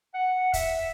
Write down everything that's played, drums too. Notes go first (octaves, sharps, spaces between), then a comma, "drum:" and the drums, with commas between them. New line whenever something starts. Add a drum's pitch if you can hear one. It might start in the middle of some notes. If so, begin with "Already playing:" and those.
F#5
E5, drum: kick, hi-hat